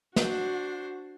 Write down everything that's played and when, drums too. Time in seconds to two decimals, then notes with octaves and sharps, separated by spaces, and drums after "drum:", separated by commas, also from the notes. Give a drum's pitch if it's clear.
0.16 D4 F#4 C5, drum: snare